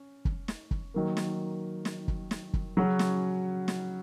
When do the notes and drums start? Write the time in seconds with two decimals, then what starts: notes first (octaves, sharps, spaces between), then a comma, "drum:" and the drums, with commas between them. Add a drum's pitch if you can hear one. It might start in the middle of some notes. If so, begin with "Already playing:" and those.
Already playing: C#4
0.25 drum: kick
0.48 drum: snare
0.71 drum: kick
0.94 D#3 F#3 A#3
1.17 drum: snare
1.85 drum: snare
2.08 drum: kick
2.31 drum: snare
2.54 drum: kick
2.77 C#3 F#3 C#4 F#4
2.99 drum: snare
3.68 drum: snare